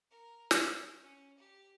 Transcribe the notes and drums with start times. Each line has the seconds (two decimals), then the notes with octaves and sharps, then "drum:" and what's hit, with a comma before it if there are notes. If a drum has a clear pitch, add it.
0.10 A#4
0.51 F#4, drum: snare
1.00 C#4
1.37 G4